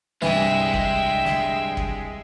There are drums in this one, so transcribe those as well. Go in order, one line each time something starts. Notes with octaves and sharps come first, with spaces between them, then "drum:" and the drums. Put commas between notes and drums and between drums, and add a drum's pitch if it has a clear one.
C2 G2 E3 G#3 E5 G5, drum: snare
drum: kick
drum: snare
drum: kick